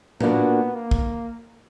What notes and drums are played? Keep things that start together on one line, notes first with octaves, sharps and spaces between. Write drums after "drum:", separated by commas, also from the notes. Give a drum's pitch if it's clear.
A#2 A#3 B3 D4 F#4, drum: tom A2
A#3
drum: kick